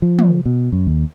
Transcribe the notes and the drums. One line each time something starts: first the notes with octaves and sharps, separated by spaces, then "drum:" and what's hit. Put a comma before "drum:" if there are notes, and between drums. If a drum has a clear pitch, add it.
F3
drum: tom
B2
F#2
D#2